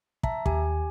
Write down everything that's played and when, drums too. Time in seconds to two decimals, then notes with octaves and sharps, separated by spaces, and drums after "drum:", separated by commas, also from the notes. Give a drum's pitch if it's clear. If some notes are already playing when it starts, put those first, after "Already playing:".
0.23 E5 A5 A#5, drum: kick
0.46 D#2 G4 G#5, drum: kick